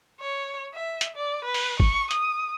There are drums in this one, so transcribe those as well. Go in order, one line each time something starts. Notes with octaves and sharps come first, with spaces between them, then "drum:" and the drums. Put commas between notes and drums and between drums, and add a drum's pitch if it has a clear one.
C#5
E5
drum: hi-hat
D5
B4
drum: open hi-hat
C#6, drum: kick G1
D#6, drum: hi-hat